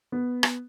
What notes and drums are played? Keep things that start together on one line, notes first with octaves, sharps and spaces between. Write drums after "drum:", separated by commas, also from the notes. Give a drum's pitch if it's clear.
B3
drum: rim click